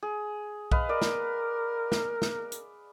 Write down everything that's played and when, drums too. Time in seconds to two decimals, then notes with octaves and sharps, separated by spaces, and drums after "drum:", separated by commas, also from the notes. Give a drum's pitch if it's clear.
0.03 G#4
0.72 B4 D#5 F5, drum: kick B1
0.89 A#4 D5
1.02 drum: snare
1.92 drum: snare
2.22 drum: snare
2.52 drum: hi-hat